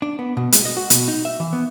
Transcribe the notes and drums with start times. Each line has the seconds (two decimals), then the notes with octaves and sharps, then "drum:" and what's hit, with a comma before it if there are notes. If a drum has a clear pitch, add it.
0.02 D4
0.19 B3
0.37 B2
0.52 G#3, drum: hi-hat
0.65 D#5
0.77 F#4
0.90 B2, drum: hi-hat
1.08 D#4
1.25 E5
1.40 E3
1.53 B3